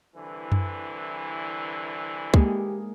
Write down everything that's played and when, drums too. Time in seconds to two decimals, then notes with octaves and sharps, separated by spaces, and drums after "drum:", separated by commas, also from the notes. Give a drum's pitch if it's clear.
0.16 C2 D3 E3
0.52 drum: tom F#2
2.34 G#3 A#3 D#4 G4, drum: kick